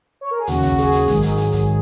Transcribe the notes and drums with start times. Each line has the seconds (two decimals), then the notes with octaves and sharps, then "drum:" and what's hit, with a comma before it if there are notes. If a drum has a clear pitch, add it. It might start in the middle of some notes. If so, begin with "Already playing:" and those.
0.21 C#5
0.31 A#4
0.39 G#4
0.47 D#2 C#3 F#3 F#4, drum: hi-hat
0.62 drum: kick, hi-hat
0.72 F#4
0.78 G#4, drum: hi-hat
0.92 drum: hi-hat
1.08 G#2 D#3 F#3, drum: kick, hi-hat
1.22 drum: hi-hat
1.37 drum: hi-hat
1.52 drum: kick, hi-hat